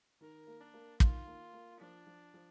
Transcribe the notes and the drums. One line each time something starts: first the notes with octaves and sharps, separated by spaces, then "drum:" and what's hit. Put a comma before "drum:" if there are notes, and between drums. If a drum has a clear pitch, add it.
D#3 A#4
A#3
D4
A#3
D#3 F4, drum: kick
A#3
A#3
F3 D4
F3
F3